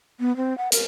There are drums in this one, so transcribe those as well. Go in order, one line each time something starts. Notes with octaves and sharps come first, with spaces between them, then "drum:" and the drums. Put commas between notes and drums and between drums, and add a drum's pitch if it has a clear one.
B3
C4
F#5
A#4, drum: hi-hat